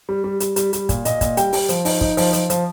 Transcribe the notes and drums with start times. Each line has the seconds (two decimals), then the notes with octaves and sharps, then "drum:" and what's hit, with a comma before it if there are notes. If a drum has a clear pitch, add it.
0.09 G3
0.24 G3
0.40 G3, drum: hi-hat
0.56 G3, drum: hi-hat
0.73 G3, drum: hi-hat
0.89 A#2, drum: kick, hi-hat
1.05 A#2 D#5, drum: hi-hat
1.21 A#2, drum: kick, hi-hat
1.37 G3 G5, drum: hi-hat
1.53 G3, drum: open hi-hat
1.69 F3, drum: hi-hat
1.85 D#4, drum: open hi-hat
2.01 D#4, drum: kick
2.17 F3, drum: open hi-hat
2.33 F3, drum: hi-hat
2.50 F3, drum: hi-hat